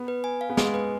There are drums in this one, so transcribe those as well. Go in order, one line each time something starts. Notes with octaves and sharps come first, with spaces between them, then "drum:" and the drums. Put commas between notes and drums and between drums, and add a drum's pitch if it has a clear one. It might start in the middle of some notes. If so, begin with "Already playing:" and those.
Already playing: B3
B4
G#5
F5
B3
G#3 G#4, drum: snare
B4